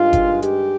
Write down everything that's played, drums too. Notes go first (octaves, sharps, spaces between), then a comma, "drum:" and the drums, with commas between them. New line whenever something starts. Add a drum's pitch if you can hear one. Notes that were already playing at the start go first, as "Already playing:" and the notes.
Already playing: G2 D#3 G#3 F4
drum: kick G1, hi-hat
G4, drum: hi-hat